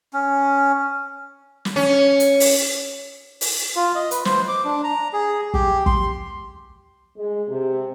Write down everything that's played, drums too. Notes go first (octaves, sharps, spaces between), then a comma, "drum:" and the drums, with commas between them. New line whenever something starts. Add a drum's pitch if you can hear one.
C#4
drum: snare
C#4
drum: hi-hat
drum: open hi-hat
drum: open hi-hat
F4
D#5
B4, drum: hi-hat
C5, drum: snare
D6
D4
A#5
G#4
G4, drum: kick
C6, drum: kick
G#3
C3